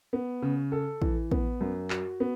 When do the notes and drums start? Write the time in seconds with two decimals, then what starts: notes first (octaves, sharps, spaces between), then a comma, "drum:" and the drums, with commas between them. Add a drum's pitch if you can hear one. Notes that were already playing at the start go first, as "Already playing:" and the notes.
0.13 B3
0.42 C#3
0.72 A4
1.02 E3, drum: kick
1.31 B3, drum: kick
1.61 F#2
1.90 F#4, drum: clap
2.20 B3